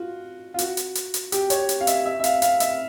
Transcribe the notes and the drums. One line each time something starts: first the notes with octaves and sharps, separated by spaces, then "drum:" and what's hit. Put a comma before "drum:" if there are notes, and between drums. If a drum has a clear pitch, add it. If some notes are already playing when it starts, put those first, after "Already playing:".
Already playing: F4 F#4
F4
F#4, drum: hi-hat
drum: hi-hat
drum: hi-hat
drum: hi-hat
G4, drum: hi-hat
C#5, drum: hi-hat
drum: hi-hat
F5
E5, drum: hi-hat
E5
E5
F5, drum: hi-hat
F5, drum: hi-hat
E5, drum: hi-hat